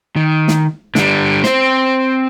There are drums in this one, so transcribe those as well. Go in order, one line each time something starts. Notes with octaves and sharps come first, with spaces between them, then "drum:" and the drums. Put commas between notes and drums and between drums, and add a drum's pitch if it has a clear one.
D#3
drum: snare
D3 G3, drum: snare
C4 C5, drum: snare